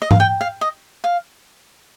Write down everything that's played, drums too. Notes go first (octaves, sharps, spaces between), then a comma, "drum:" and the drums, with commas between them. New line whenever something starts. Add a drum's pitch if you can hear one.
D#5
F5, drum: tom G#2
G5
F5
D#5
F5